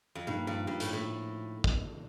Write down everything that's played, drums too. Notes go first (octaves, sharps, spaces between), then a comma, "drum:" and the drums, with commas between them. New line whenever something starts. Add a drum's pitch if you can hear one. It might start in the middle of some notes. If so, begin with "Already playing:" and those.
F2
G2 A#2 F3 A#3 D#4
G2
G2
A2, drum: hi-hat
A2
drum: kick